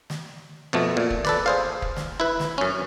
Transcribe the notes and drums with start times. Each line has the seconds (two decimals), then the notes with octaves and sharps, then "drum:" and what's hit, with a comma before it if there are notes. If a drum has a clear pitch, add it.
0.10 drum: snare
0.73 F2 B2 A3
0.97 A#2
1.10 drum: kick
1.25 A4 B4 D5, drum: snare
1.46 G#4 C5 F5
1.82 drum: kick
1.96 drum: snare
2.20 E4 B4
2.40 drum: snare
2.58 F#2 C#4